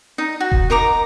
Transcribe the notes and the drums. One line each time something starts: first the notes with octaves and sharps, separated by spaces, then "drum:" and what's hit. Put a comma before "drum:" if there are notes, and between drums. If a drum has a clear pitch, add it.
D#4
F#4
drum: kick E1
D#4 A#4 A#5 D6